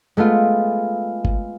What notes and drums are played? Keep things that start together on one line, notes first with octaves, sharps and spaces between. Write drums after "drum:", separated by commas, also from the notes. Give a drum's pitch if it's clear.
G#3 A3 B3 F4
drum: kick